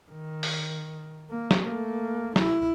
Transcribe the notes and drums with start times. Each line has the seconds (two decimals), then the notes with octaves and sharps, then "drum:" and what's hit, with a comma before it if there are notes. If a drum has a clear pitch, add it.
0.11 D#3
0.43 drum: open hi-hat
1.30 A#3
1.51 drum: snare
1.63 A3 A#3
2.36 E4, drum: snare